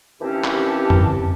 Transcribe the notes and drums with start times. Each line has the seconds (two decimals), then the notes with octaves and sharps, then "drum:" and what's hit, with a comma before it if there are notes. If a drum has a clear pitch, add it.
0.21 D#2 E3 C4 C#4 G4 A5
0.44 drum: clap
0.90 drum: tom F2